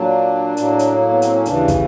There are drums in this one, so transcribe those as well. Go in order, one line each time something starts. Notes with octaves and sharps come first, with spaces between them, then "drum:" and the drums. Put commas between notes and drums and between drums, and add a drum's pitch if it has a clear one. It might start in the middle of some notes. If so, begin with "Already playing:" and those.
Already playing: A#2 F#3 A#3 D4
A2 F#3 A#3, drum: hi-hat
drum: hi-hat
B3
C4, drum: hi-hat
C#4
D#2 C#3 E3 D4, drum: hi-hat
drum: kick, hi-hat